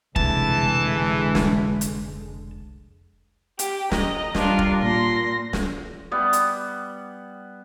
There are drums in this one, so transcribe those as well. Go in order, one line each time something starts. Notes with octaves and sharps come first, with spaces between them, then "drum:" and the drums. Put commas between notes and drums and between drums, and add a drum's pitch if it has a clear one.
F1 B1 D3 E3 G#3 A5, drum: kick
drum: snare
drum: hi-hat
G4, drum: hi-hat
D#5 A#5, drum: snare
G3 D4 F4 A#4, drum: snare
drum: kick
A#2 C6 A#6
drum: snare
G3 B3
drum: hi-hat